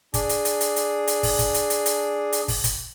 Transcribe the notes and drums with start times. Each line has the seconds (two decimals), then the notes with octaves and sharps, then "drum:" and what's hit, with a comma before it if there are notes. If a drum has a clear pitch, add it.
0.14 D4 G#4, drum: kick, hi-hat
0.29 drum: hi-hat
0.45 drum: hi-hat
0.61 drum: hi-hat
0.76 drum: hi-hat
1.07 drum: hi-hat
1.23 drum: kick, open hi-hat
1.39 drum: kick, hi-hat
1.54 drum: hi-hat
1.70 drum: hi-hat
1.86 drum: hi-hat
2.33 drum: hi-hat
2.48 drum: kick, open hi-hat
2.64 drum: kick, hi-hat